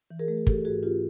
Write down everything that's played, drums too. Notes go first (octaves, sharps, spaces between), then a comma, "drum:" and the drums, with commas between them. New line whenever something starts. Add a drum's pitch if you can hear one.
E3
G#4 A#4
A3
G#4
A3 G4 A4, drum: kick
G#2 F#4 G#4
C#4 F4 G4